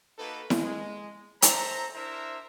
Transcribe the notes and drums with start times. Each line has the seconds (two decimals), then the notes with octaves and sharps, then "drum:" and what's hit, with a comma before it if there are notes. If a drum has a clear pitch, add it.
0.19 A#3 D#4 F#4 A4 B4
0.50 G#3, drum: snare E4
1.42 A4 C5 E5 A#5, drum: hi-hat
1.95 D4 E4 A#4 C5 E5 A#5